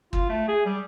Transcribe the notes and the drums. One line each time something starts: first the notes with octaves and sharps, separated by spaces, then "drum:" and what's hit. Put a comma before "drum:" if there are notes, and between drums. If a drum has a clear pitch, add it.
F4, drum: kick
A3
G#4
G3